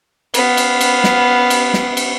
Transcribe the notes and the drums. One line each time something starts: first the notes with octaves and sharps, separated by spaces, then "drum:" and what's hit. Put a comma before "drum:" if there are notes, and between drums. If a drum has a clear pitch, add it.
B3 F5, drum: cymbal
drum: cymbal
drum: cymbal
drum: snare
drum: cymbal
drum: snare
drum: cymbal